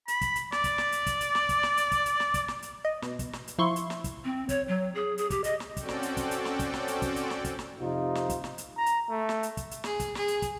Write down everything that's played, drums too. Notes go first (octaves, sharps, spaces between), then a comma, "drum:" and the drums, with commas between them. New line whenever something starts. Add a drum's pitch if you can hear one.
B5, drum: hi-hat
drum: kick, hi-hat
drum: hi-hat
D5, drum: snare
drum: kick, hi-hat
drum: snare
drum: hi-hat
drum: kick, hi-hat
drum: hi-hat
drum: snare
drum: kick, hi-hat
drum: snare
drum: hi-hat
drum: kick, hi-hat
drum: hi-hat
drum: snare
drum: kick, hi-hat
drum: snare
drum: hi-hat
D#5
B2, drum: snare
drum: kick, hi-hat
drum: snare
drum: hi-hat
F3 E4 C6 C#6
drum: hi-hat
drum: snare
drum: kick, hi-hat
C4
C#5, drum: kick, hi-hat
F#3
G#4
G#4, drum: hi-hat
G4, drum: kick, hi-hat
D#5, drum: hi-hat
drum: snare
C4 C#4 F#4 A4 D5 G5, drum: kick, hi-hat
drum: snare
drum: hi-hat
drum: kick, hi-hat
drum: hi-hat
drum: snare
drum: kick, hi-hat
drum: snare
drum: hi-hat
drum: kick, hi-hat
drum: hi-hat
drum: snare
drum: kick, hi-hat
drum: snare
F2 C3 D#4 F4
drum: snare
drum: kick, hi-hat
drum: snare
drum: hi-hat
A#5
drum: hi-hat
A3
drum: snare
drum: hi-hat
drum: kick, hi-hat
drum: hi-hat
G#4, drum: snare
drum: kick, hi-hat
G#4, drum: snare
drum: hi-hat
drum: kick, hi-hat